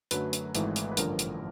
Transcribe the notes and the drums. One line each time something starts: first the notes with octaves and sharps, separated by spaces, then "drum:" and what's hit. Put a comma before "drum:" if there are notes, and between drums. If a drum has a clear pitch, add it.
F#2 D3 F#3 A3 B4, drum: hi-hat
drum: hi-hat
G#1 G#2 E3 A3, drum: hi-hat
drum: hi-hat
B4
A1 G2 D3 F3 A#4, drum: hi-hat
drum: hi-hat